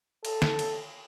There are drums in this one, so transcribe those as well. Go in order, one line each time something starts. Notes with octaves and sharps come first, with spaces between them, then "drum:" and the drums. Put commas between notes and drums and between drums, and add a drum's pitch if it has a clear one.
A4, drum: cymbal
drum: snare
drum: cymbal